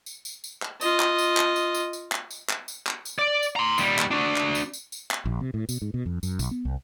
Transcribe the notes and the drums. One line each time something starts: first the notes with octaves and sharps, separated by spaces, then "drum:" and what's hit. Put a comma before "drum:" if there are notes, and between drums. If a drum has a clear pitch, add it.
drum: tambourine
drum: tambourine
drum: tambourine
drum: clap
F4 D#5, drum: tambourine
drum: clap
drum: tambourine
drum: clap
drum: tambourine
drum: tambourine
drum: tambourine
drum: clap
drum: tambourine
drum: clap
drum: tambourine
drum: clap
drum: tambourine
D5
drum: tambourine
A#5 C6
D#2 G3, drum: tambourine
drum: clap
D4 F#4
drum: clap
drum: tambourine
drum: tambourine
drum: tambourine
drum: clap
A#1
C3
A2
B2, drum: tambourine
G#2
B2
F2
F#2, drum: tambourine
B1, drum: tambourine
B3
C2